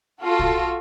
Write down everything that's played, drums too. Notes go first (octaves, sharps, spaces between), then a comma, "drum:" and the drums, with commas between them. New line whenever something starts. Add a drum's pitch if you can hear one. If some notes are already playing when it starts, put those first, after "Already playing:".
F4 F#4 A4
drum: kick